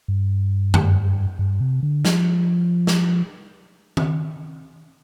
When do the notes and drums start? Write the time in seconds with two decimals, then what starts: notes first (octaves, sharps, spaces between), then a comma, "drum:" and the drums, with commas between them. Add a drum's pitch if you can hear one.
0.08 G2
0.74 drum: tom F#2
1.39 G2
1.61 C3
1.83 D3
2.05 F3, drum: snare
2.87 drum: snare
3.97 drum: tom D#3